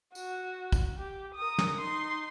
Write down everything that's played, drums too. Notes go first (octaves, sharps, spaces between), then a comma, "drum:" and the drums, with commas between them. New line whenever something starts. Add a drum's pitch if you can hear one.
F#4, drum: tambourine
drum: kick, tambourine
G4
A#4 D#6
drum: snare
D#4 C6